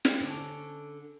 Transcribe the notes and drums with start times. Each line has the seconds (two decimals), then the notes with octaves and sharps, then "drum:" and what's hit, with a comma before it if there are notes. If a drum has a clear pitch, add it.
0.05 drum: snare
0.21 D3 C#4 D4